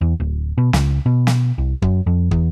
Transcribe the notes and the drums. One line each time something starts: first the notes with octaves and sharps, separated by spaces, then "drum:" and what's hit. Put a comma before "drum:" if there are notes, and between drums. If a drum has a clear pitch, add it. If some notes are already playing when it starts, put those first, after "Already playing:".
E2
D1
B2
C#2, drum: snare
B2
drum: snare
C2
F#2, drum: kick
F2
E2, drum: kick